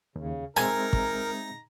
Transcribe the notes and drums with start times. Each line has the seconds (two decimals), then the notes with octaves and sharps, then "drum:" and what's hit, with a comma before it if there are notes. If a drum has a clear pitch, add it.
0.16 D#2 C#3
0.57 G#3 C4 D#4 A#4 E5 G#5 A#5, drum: rim click
0.93 drum: kick